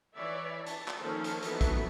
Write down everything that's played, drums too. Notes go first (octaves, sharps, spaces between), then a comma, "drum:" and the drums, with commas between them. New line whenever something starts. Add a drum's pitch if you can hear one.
E3 C#5 D5 E5
A5, drum: hi-hat
drum: clap
D#3 F3 A#3 C#4 A4 C5
drum: hi-hat
E3 F#3 B3 D#4 A4, drum: hi-hat
drum: kick, hi-hat